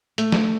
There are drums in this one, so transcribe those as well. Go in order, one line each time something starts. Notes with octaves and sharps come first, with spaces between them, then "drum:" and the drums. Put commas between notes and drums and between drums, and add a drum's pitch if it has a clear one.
A3, drum: hi-hat
drum: snare